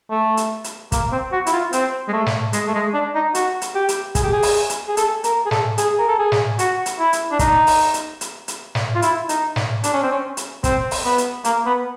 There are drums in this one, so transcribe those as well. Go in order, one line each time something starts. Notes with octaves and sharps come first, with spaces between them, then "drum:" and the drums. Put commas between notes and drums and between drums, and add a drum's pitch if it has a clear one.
A3
drum: hi-hat
drum: hi-hat
A#3, drum: kick, hi-hat
C4
F#4
E4, drum: hi-hat
F4
C4, drum: hi-hat
G#3
A3
drum: snare
G#3, drum: hi-hat
A3
G#3
D4
D#4
F#4, drum: hi-hat
drum: hi-hat
G4
drum: hi-hat
G#4, drum: kick, hi-hat
G4
G#4
drum: open hi-hat
drum: hi-hat
G#4
A4, drum: hi-hat
A#4, drum: hi-hat
G#4
A4, drum: snare
G#4, drum: hi-hat
A#4
A4
G#4
drum: snare
F#4, drum: hi-hat
drum: hi-hat
E4
drum: hi-hat
D4
D#4, drum: kick, hi-hat
drum: open hi-hat
drum: hi-hat
drum: hi-hat
drum: hi-hat
drum: snare
F4
E4, drum: hi-hat
D#4, drum: hi-hat
drum: snare
D4, drum: hi-hat
C#4
C4
C#4
drum: hi-hat
C4, drum: kick, hi-hat
drum: open hi-hat
B3
drum: hi-hat
A#3, drum: hi-hat
B3